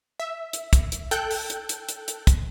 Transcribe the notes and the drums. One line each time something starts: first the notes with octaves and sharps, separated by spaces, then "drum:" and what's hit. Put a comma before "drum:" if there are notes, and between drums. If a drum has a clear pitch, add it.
E5
drum: hi-hat
drum: kick, hi-hat
drum: hi-hat
A4 G5 F#6 G6, drum: hi-hat
drum: open hi-hat
drum: hi-hat
drum: hi-hat
drum: hi-hat
drum: hi-hat
drum: kick, hi-hat